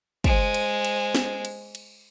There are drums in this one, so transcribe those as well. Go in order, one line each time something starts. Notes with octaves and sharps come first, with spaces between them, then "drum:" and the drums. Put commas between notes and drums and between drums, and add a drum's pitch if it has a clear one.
G#3 C5, drum: kick, cymbal
drum: cymbal
drum: cymbal
drum: snare
drum: cymbal
drum: cymbal